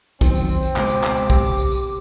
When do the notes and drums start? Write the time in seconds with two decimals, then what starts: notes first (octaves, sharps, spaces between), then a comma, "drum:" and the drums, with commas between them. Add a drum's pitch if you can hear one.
0.21 F2 D#3 F#3 C4, drum: kick, tambourine
0.36 drum: tambourine
0.49 drum: tambourine
0.63 drum: tambourine
0.76 C#2 B2 G#3 C5 D6, drum: clap
0.90 drum: tambourine
1.04 drum: clap
1.17 drum: tambourine
1.30 G4, drum: kick, tambourine
1.45 drum: tambourine
1.58 drum: tambourine
1.72 drum: tambourine